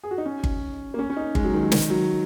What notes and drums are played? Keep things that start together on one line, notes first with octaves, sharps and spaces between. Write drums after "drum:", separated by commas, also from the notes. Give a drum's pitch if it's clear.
G#4
F#4
D#4
C#4
drum: kick G1
A#3
C#4
C#4
D#4
G#3, drum: kick G1
F#3
D#3
F#3
D#3, drum: snare
F#3